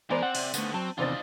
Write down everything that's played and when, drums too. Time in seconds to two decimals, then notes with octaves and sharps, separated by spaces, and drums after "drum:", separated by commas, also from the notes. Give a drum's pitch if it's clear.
0.10 E3 G#3 B3 A#4 C5 D5
0.23 C4 F#5
0.35 C3, drum: cymbal
0.54 D#2 D3 A3 B3, drum: tambourine
0.74 F#3 C4 A5
0.98 E2 C3 D#3 D4 F4 C5 D#5 A6